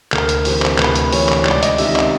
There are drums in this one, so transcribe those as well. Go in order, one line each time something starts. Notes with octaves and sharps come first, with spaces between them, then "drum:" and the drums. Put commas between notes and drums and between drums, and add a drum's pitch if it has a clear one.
D2 A#4, drum: clap
drum: hi-hat
C3 E3 C5, drum: open hi-hat
drum: clap
D2 B4, drum: clap
drum: hi-hat
C3 E3 C#5, drum: open hi-hat
drum: clap
C#2 D5, drum: clap
D#5, drum: hi-hat
C3 D#3 E5, drum: open hi-hat
D#5, drum: clap